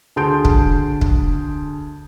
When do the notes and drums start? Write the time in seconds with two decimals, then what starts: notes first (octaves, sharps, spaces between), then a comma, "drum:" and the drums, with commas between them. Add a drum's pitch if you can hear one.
0.16 D2 G#4 A5 C6 G6 D7
0.45 drum: kick
1.01 drum: kick